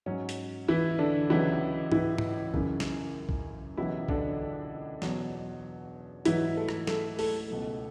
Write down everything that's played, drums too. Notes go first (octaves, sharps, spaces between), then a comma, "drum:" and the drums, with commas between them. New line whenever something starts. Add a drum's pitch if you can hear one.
G#2 F#3 C#4
drum: hi-hat
E3 E4
D3 D4
C#2 C#3 E3 F#3 E4
E3 E4, drum: tom G#2
drum: tom G#2
F#2 C#3 E3, drum: kick
drum: snare
drum: kick
C#2 B2 E3 F#3 E4
D3 D4, drum: kick
E2 B2 F#3, drum: snare
G#2 E3 F#3 E4, drum: hi-hat
A3 A4
drum: rim click
A3 A4, drum: snare
A3 A4, drum: open hi-hat
C#2 B2 F#3